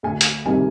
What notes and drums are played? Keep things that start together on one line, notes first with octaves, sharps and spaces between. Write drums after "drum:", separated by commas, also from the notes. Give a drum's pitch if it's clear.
D2 G#5
drum: hi-hat
C3 D#3 G3 G#5